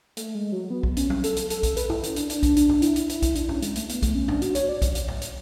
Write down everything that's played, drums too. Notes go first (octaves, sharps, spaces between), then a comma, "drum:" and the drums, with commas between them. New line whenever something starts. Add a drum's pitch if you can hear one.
A3, drum: hi-hat
G#3
F#3
B3
drum: kick B1
C#4, drum: hi-hat
drum: tom F#3
A4, drum: hi-hat
drum: hi-hat
A4, drum: hi-hat
drum: kick B1, hi-hat
B4, drum: hi-hat
E4, drum: tom G2
C#4, drum: hi-hat
D4, drum: hi-hat
D4, drum: hi-hat
drum: kick B1, hi-hat
D4, drum: hi-hat
drum: tom G2
E4, drum: hi-hat
drum: hi-hat
E4, drum: hi-hat
drum: kick B1, hi-hat
D4, drum: hi-hat
C#4, drum: tom G2
G#3, drum: hi-hat
A3, drum: hi-hat
B3, drum: hi-hat
A3, drum: kick B1, hi-hat
C#4
D4, drum: tom G#2
F#4, drum: hi-hat
C#5, drum: hi-hat
D5
drum: kick B1, hi-hat
drum: hi-hat
drum: tom G#2
drum: hi-hat